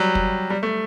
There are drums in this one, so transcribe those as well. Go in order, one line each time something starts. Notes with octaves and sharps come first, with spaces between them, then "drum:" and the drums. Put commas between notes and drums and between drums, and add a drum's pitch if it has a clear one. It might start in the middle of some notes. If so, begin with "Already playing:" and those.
Already playing: F#3 G3
drum: kick
G3
A3